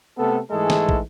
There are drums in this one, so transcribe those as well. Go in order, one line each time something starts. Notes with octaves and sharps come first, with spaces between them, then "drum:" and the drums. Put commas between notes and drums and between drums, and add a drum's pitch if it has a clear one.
C3 A3 B3 A4
G#2 E3 G#3 A3 G#4 A4
drum: snare
drum: kick